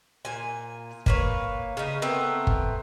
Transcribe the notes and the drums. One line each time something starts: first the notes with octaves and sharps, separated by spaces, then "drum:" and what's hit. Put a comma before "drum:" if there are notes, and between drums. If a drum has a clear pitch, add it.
A#2 G#5
A#3 B4 C#5, drum: kick G1
C#3 D#4
A3 B3 C4 A#4
drum: kick G1